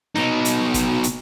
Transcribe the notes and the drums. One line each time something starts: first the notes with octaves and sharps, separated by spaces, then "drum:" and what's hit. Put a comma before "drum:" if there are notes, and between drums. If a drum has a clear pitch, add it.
B2 D#4, drum: snare
drum: hi-hat
drum: kick, hi-hat
drum: hi-hat